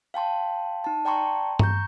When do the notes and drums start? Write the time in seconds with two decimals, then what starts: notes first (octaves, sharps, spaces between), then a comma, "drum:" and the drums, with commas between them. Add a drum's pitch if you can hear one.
0.14 F5 G5 A5 C6
0.84 D#4 A5
1.05 D5 G5 A5 A#5 C6 C#6
1.59 A#5 C#6 G6, drum: tom G2